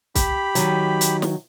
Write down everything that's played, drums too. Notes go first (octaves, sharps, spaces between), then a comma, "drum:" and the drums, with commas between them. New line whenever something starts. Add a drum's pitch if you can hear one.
G4 B5, drum: kick C2, hi-hat
D#3 F#3, drum: hi-hat
drum: hi-hat
drum: snare